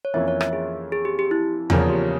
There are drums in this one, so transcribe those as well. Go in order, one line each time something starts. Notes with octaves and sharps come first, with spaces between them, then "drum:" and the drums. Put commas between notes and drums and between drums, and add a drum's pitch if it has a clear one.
C#5
F2 E3 A#3 C#4 F4 E5
C#5
E5, drum: rim click
G#4
G#4
G4
G4
E4
E2 C#3 F3 A#3 C#4 F4, drum: tom E2
G4